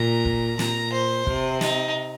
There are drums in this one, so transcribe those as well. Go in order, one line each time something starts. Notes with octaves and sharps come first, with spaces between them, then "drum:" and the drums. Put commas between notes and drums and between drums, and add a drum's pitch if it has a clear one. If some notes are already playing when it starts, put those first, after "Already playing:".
Already playing: A#2 A#5
drum: kick
A#2 A#5, drum: snare
C5
C3, drum: kick
D#4, drum: snare